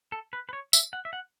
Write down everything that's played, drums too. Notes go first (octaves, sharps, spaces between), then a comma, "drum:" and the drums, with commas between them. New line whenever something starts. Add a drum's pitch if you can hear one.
A4
B4
B4
C#5
E5, drum: tambourine
F#5
E5
F#5